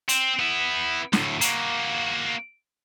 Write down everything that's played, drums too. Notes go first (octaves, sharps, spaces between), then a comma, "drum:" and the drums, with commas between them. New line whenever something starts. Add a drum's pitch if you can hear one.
C4, drum: hi-hat
B3 E4
D2 A2, drum: snare
A#3 F#4, drum: hi-hat